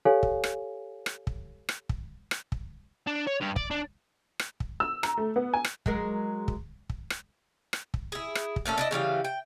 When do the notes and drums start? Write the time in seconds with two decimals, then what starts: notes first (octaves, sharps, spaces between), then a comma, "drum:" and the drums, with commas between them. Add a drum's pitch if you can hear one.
0.05 G4 A4 C#5 F5 G#5
0.23 drum: kick
0.44 drum: rim click
1.06 drum: rim click
1.27 drum: kick
1.69 drum: rim click
1.89 drum: kick
2.31 drum: rim click
2.52 drum: kick
3.07 D4
3.27 C#5
3.40 G2
3.56 D5, drum: kick
3.71 D4
4.39 drum: rim click
4.60 drum: kick
4.80 E6
5.03 A#5, drum: rim click
5.18 A3
5.36 B3
5.54 G#5
5.64 drum: rim click
5.86 F#3 G#3 A#4, drum: kick
6.48 drum: kick
6.90 drum: kick
7.10 drum: rim click
7.73 drum: rim click
7.94 drum: kick
8.12 E4 G#4
8.35 drum: rim click
8.56 drum: kick
8.66 A#2 A3 C#4 A4
8.78 D4 E4 D#5
8.91 C#3 E3 G3 F5
9.25 G5